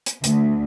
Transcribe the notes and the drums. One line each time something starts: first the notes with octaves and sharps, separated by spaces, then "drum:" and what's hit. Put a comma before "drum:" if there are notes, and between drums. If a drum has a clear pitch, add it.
drum: hi-hat
D2, drum: hi-hat